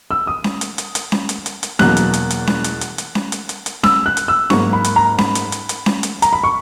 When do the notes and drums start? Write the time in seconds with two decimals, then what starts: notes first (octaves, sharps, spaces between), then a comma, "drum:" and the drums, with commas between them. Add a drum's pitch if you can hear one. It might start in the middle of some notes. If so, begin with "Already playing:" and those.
0.11 E6
0.27 D#6
0.44 drum: snare C#4
0.61 drum: hi-hat
0.78 drum: hi-hat
0.95 drum: hi-hat
1.12 drum: snare C#4
1.29 drum: hi-hat
1.46 drum: hi-hat
1.63 drum: hi-hat
1.79 E2 B2 F#3 A#3 F#6, drum: snare C#4
1.97 drum: hi-hat
2.14 drum: hi-hat
2.30 drum: hi-hat
2.47 drum: snare C#4
2.64 drum: hi-hat
2.81 drum: hi-hat
2.98 drum: hi-hat
3.15 drum: snare C#4
3.32 drum: hi-hat
3.49 drum: hi-hat
3.66 drum: hi-hat
3.83 E6, drum: snare C#4
4.06 F#6
4.17 drum: hi-hat
4.28 E6
4.50 G#2 F#3 A#3 C#6, drum: snare C#4
4.73 B5
4.84 drum: hi-hat
4.96 A#5
5.18 B5, drum: snare C#4
5.35 drum: hi-hat
5.52 drum: hi-hat
5.69 drum: hi-hat
5.86 drum: snare C#4
6.03 drum: hi-hat
6.22 A#5, drum: hi-hat
6.33 B5
6.44 C#6